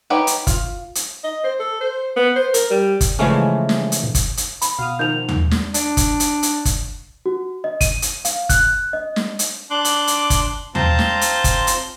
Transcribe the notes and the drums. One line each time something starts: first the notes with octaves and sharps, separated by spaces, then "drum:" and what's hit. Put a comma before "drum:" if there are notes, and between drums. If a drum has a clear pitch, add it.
D#4 G4 B4 C#5 G5
drum: hi-hat
F4, drum: kick, hi-hat
drum: hi-hat
D#5
C5
A4
C5
B3
C5
A#4, drum: hi-hat
G3
drum: kick, hi-hat
C#3 E3 F3 G#3 A3 C#4
drum: snare
drum: hi-hat
drum: kick, hi-hat
drum: hi-hat
B5, drum: hi-hat
B2 F#4 F5 D#6
D#3 F3 G6 F7
drum: tom D#2
drum: snare
D4, drum: hi-hat
drum: kick, hi-hat
drum: hi-hat
drum: hi-hat
drum: kick, hi-hat
F#4
D#5
D#7, drum: kick, hi-hat
drum: hi-hat
F5, drum: hi-hat
F#6, drum: kick, hi-hat
D#5
drum: snare
drum: hi-hat
D4 C6 D6 F#6
drum: hi-hat
drum: hi-hat
drum: kick, hi-hat
C4 F4 A5 A#5 C6 G6, drum: tom D#2
drum: snare
drum: hi-hat
drum: kick, hi-hat
drum: hi-hat